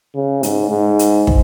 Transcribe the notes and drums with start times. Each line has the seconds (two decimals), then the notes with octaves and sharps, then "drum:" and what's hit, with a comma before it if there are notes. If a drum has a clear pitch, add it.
0.15 C#3
0.43 G#2, drum: hi-hat
0.71 G#2
0.99 drum: hi-hat
1.27 drum: kick